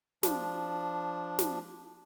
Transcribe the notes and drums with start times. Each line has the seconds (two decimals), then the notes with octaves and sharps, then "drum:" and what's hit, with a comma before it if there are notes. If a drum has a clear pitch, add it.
0.23 F3 D4, drum: snare
1.39 drum: snare